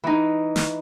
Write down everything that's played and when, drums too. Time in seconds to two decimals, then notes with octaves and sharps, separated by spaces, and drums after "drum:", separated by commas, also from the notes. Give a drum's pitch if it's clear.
0.04 E3 D#4
0.56 drum: snare